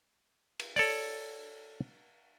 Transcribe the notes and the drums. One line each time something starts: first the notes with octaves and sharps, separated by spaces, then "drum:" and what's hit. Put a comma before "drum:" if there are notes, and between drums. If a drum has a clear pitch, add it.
drum: cymbal
A4 C#5 D5, drum: open hi-hat